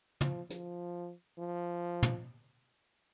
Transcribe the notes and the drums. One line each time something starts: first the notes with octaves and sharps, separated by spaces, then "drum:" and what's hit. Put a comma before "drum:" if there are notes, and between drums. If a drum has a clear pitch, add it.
F3, drum: tom
F3, drum: hi-hat
F3
drum: tom